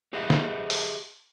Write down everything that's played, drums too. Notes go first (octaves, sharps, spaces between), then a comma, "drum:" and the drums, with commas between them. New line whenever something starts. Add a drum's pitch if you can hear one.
G4 G#4 B4 D#5 E5 F#5
drum: snare
drum: open hi-hat